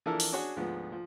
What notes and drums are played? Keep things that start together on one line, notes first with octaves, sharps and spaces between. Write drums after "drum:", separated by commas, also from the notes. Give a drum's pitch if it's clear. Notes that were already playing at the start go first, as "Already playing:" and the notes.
E3 F3 D4 E4 A4 A#4
drum: open hi-hat
C#4 D4 F#4 G#4 C#5
D2 G#2 F3 B3
F3